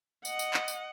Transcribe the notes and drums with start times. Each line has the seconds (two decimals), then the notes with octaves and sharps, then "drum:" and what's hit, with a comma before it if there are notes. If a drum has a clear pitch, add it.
0.25 D#5 F#5, drum: tambourine
0.39 drum: tambourine
0.54 drum: clap
0.68 drum: tambourine